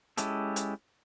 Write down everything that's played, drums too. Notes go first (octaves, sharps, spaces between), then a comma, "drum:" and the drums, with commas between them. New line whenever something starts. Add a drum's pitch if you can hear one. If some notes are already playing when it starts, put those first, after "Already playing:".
G#3 C#4 E4 G4 A4, drum: hi-hat
drum: hi-hat